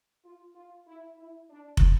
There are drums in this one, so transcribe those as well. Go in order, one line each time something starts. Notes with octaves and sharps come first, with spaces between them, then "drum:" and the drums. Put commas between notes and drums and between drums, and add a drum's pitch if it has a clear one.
F4
F4
E4
E4
D4
drum: kick